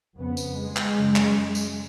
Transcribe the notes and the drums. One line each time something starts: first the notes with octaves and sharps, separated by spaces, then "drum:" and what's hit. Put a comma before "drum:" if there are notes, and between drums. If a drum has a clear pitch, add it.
F2 C#3 B3
drum: tambourine
G#3
drum: clap
F#2 C#3
drum: clap
drum: tambourine